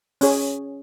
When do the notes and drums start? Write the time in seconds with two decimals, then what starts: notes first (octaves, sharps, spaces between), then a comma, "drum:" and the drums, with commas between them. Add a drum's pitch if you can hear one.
0.21 C#4 G#4 C#5, drum: open hi-hat